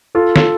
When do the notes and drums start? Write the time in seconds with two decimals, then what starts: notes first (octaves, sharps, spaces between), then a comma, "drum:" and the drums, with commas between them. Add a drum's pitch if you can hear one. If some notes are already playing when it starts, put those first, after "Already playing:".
0.15 F4 A4
0.36 A4, drum: snare